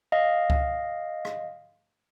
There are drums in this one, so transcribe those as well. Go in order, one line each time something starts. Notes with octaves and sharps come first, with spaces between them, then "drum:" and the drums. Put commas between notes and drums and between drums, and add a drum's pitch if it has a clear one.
D#5 F5
drum: kick C#2
drum: rim click